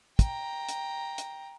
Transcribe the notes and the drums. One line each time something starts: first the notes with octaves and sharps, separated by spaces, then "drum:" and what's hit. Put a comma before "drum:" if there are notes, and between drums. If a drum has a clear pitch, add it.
G5 A#5, drum: kick, hi-hat
drum: hi-hat
drum: hi-hat